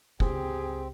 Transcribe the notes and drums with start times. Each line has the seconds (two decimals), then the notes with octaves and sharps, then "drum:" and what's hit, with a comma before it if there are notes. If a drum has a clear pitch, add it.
0.20 C#2 C4 G4 G#4, drum: kick